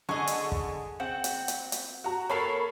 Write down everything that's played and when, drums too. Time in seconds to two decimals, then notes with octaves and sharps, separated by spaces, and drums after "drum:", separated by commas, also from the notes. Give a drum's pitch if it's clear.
0.09 D3 G#4 D#5 C#6
0.27 drum: hi-hat
0.52 drum: kick
1.00 C4 F#5
1.24 drum: hi-hat
1.48 drum: hi-hat
1.72 drum: hi-hat
2.04 F#4 A#5
2.29 A#3 A4 A#4 C#5 B5 C7